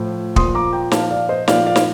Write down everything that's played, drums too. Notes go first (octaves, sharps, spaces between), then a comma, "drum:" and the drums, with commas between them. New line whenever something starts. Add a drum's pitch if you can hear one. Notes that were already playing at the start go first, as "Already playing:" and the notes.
Already playing: A2 F3
A#2 F3 C6 D#6, drum: kick
A#5 D6
G5 A#5
A#2 F3 F5 A5, drum: snare
D5 F5
C5 D#5
A#2 F3 D5 F5, drum: snare
D5 F5
drum: snare